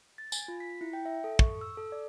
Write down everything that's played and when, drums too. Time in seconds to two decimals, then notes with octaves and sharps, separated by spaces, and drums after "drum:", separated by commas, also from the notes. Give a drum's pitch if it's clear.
0.18 A6
0.32 G#5, drum: tambourine
0.48 F4
0.60 B6
0.81 E4
0.93 G5
1.05 E5
1.24 A4
1.39 C#6, drum: kick
1.61 E6
1.77 A4
1.92 D5